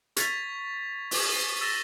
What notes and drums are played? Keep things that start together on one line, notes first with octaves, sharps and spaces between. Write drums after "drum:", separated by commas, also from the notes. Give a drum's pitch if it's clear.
C#6 G#6 A6 B6 F7, drum: hi-hat
C#6 D6, drum: open hi-hat
D#7 G7
E6 A6 A#6 E7 G7